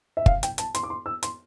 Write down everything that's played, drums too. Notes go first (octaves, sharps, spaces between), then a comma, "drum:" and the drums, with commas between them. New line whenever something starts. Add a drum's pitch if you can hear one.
E5
F5, drum: kick
G5, drum: hi-hat
A5, drum: hi-hat
C6, drum: hi-hat
D6
C6
E6
C6, drum: hi-hat